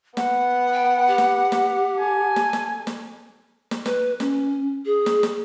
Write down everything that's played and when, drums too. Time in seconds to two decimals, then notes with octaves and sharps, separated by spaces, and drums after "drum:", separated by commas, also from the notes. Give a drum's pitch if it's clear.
0.17 B3 F#5, drum: snare
0.73 G5
1.07 G4
1.18 drum: snare
1.52 drum: snare
1.97 A4 G#5
2.36 drum: snare
2.53 drum: snare
2.87 drum: snare
3.71 drum: snare
3.86 B4, drum: snare
4.20 C#4, drum: snare
4.86 G#4
5.06 drum: snare
5.23 drum: snare